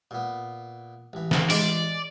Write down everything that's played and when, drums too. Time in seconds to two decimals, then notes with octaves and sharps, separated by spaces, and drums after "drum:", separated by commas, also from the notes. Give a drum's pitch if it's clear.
0.11 A#2 B3
1.13 A1 E3
1.31 drum: snare
1.50 G#3 D5, drum: open hi-hat